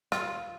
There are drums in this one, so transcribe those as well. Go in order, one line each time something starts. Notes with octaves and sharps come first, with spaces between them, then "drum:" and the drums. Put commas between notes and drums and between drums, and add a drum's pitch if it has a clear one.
F4, drum: rim click